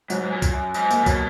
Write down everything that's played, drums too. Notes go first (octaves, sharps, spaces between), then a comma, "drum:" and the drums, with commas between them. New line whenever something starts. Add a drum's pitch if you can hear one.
G#2 F#3, drum: tambourine
G#2
A#2
drum: kick C2, tambourine
F#2
G#2, drum: tambourine
A#3, drum: tambourine
C#3
B2 F#3, drum: kick C2, tambourine